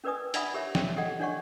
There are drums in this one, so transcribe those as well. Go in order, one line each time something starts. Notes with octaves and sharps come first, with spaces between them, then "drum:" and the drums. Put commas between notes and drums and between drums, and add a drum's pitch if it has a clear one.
C#4 A#4 B4 D5 G#5 D#6
D4 D5 E5 F#5 B5 D#6, drum: hi-hat
G4 A#4 C#5 E5
C#5 G5, drum: snare
G4 A4 D#5 F#5 G5
D4 C#5 D5 F#5 C#6